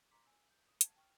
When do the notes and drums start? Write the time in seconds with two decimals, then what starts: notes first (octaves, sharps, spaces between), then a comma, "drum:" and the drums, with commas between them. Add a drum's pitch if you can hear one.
0.11 A#5 C6 D6 B6
0.25 G#5 E6
0.50 G6
0.69 D#6
0.81 F#5 A5 G#6 C7 D#7, drum: hi-hat
0.96 G5 C#6 F6